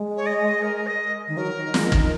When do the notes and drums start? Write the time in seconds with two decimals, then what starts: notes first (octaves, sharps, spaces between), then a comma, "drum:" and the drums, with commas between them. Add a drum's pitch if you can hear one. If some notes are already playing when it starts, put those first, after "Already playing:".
Already playing: G#3
0.17 C#5
0.26 D#5
0.62 A#4
0.87 D#5
1.28 D#3
1.36 F#3 A#4
1.55 D#3
1.74 G#3, drum: snare
1.92 D#3, drum: kick